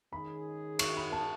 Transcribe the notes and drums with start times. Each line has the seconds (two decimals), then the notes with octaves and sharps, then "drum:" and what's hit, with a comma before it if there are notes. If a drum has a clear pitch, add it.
0.13 D#3 G#3 C#4 G#4 B5
0.79 C#6, drum: cymbal
0.97 B5
1.12 A5